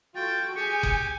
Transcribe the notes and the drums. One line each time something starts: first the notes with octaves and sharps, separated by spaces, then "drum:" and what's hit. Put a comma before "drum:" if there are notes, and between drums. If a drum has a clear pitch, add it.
F4 F#4 A4 G5 A6
G4 G#4 G#5 C#7
drum: kick F#1